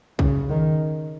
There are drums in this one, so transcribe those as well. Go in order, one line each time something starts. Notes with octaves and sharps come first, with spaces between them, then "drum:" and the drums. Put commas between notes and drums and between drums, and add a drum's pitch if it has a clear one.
C#3, drum: kick B1
D#3